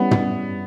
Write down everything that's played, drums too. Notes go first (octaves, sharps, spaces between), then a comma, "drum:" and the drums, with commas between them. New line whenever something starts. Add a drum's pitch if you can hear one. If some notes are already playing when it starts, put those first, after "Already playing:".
Already playing: G3 B3 C#4 E4
drum: tom